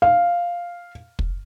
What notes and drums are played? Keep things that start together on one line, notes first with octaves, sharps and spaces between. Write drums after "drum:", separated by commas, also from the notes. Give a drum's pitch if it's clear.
F5
drum: kick